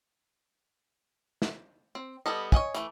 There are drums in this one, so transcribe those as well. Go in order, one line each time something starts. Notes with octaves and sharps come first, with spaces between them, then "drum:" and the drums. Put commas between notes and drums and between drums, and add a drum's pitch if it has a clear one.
drum: snare
C4
G3 B3 A4 D#5
C#5 D#5 F#5 G#5, drum: kick
E3 A3, drum: hi-hat